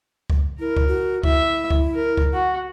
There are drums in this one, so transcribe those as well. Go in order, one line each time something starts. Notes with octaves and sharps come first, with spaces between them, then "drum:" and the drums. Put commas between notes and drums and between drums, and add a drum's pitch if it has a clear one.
drum: kick C#2
E4 A#4
drum: kick C#2
F#4
E4 E5, drum: kick C#2
drum: kick C#2
A#4
drum: kick C#2
F#4 F#5